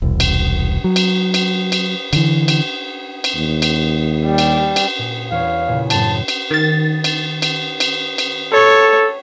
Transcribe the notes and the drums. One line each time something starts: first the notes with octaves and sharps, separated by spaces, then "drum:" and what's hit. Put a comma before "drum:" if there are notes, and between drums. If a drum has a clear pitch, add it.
E1 C2
drum: cymbal
F#3
drum: cymbal
drum: cymbal
drum: cymbal
D3 E3, drum: cymbal
drum: cymbal
drum: cymbal
D#2
drum: cymbal
G3
drum: cymbal
drum: cymbal
A#2
E2 C#5 F5
A#2 C#3
F#2 A2 C4 A5, drum: cymbal
drum: cymbal
D#3 A6
drum: cymbal
drum: cymbal
drum: cymbal
drum: cymbal
A4 C#5